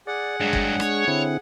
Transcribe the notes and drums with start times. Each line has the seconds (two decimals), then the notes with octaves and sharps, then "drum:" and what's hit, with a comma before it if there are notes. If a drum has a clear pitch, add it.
0.07 G#4 D5 F#5
0.40 G2 F#3 G#3 D4
0.53 drum: kick
0.80 C#5, drum: rim click
1.07 D3 C4 E4